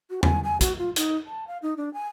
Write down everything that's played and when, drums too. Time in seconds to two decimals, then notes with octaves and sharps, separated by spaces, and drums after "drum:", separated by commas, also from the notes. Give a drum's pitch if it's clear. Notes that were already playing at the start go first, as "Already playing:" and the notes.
0.10 F#4
0.23 G#5, drum: tom E2
0.44 G#5
0.61 F#4, drum: kick, hi-hat
0.78 F4
0.96 D#4, drum: hi-hat
1.26 A5
1.47 F5
1.62 D#4
1.77 D4
1.94 G#5